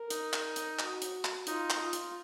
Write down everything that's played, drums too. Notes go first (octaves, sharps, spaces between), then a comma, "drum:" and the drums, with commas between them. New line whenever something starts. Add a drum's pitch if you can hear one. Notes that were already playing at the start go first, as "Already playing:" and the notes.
Already playing: A#4
D#4, drum: hi-hat
drum: clap
drum: hi-hat
F#4, drum: clap
drum: hi-hat
drum: clap
D#4 F4, drum: hi-hat
drum: clap
F4
drum: hi-hat